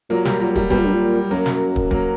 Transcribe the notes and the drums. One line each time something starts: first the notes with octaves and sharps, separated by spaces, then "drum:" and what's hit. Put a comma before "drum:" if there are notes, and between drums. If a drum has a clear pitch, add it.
A#2 F#3 A#3
G3, drum: snare
A#2 F#3
G3, drum: kick
B2 G3, drum: kick
A#2
G2
A#2
F#2 F#3 A#3
drum: snare
drum: kick
F#3 A#3, drum: kick